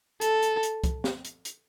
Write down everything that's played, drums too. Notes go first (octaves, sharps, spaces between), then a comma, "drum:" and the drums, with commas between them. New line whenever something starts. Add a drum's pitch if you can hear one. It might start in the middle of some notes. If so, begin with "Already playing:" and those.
A4, drum: hi-hat
drum: hi-hat
drum: hi-hat
drum: kick C2, hi-hat
drum: snare
drum: hi-hat
drum: hi-hat